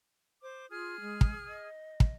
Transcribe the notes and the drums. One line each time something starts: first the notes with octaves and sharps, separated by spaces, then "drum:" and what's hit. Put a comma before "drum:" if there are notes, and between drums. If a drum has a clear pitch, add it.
C5 D6
F4 G#4 D#6 F6
G#3
drum: kick
D#5
drum: kick